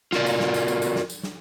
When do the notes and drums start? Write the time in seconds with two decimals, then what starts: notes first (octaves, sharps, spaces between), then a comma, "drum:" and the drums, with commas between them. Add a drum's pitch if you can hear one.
0.12 F4 F#4 A#4 D5, drum: snare
0.26 drum: tambourine
0.40 drum: snare
0.54 drum: tambourine
0.68 drum: tambourine
0.82 drum: tambourine
0.96 drum: snare
1.10 drum: tambourine
1.23 drum: snare